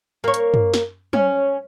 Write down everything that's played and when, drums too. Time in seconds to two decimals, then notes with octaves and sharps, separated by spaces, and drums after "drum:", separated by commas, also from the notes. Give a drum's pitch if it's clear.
0.24 A#3 C#5
0.34 drum: hi-hat
0.54 drum: tom
0.74 drum: snare
1.13 C#4, drum: tom